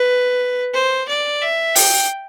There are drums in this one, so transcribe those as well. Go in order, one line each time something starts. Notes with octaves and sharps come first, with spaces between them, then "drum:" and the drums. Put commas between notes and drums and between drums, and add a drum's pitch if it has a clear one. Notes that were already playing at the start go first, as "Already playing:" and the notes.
Already playing: B4
C5
D5
E5
G5, drum: open hi-hat